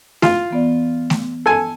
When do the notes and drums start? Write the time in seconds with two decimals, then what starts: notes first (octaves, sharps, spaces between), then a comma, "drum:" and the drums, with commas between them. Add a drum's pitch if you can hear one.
0.22 F4 F5, drum: snare A3
0.50 E3 B3 D5
1.10 drum: snare A3
1.46 A4 G#5